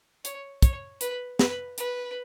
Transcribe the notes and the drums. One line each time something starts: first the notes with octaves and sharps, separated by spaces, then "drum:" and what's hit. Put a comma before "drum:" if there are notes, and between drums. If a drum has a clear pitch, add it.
C#5, drum: hi-hat
C#5, drum: kick, hi-hat
B4, drum: hi-hat
B4, drum: snare
B4, drum: hi-hat